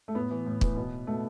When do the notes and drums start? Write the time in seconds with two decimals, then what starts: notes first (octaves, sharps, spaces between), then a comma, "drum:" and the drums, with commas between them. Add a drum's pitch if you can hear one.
0.08 A3
0.15 A2 B3
0.31 E3
0.46 A2
0.61 E3, drum: kick
0.76 B2 B3
1.07 B2 A3